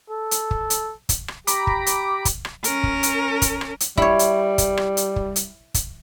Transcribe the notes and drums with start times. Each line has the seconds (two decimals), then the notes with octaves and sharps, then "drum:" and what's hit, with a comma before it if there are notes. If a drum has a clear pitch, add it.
0.10 A4
0.31 drum: hi-hat
0.51 drum: kick
0.70 drum: hi-hat
1.09 drum: kick, hi-hat
1.28 drum: rim click
1.47 G4 A#5 B5 D6, drum: hi-hat
1.67 drum: kick
1.86 drum: hi-hat
2.25 drum: kick, hi-hat
2.45 drum: rim click
2.64 C#4 A#4, drum: hi-hat
2.83 drum: kick
3.03 drum: hi-hat
3.42 drum: kick, hi-hat
3.61 drum: rim click
3.80 drum: hi-hat
3.97 G3 E4 C#5, drum: kick
4.19 drum: hi-hat
4.58 drum: kick, hi-hat
4.77 drum: rim click
4.97 drum: hi-hat
5.16 drum: kick
5.36 drum: hi-hat
5.74 drum: kick, hi-hat